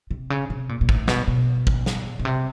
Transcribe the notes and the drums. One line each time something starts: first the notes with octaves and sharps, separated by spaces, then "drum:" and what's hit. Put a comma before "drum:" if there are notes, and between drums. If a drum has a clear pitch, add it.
C3
C#3
C3
A#2
A#2
A2, drum: kick
B2, drum: snare
B2
drum: kick
drum: snare
B2
C3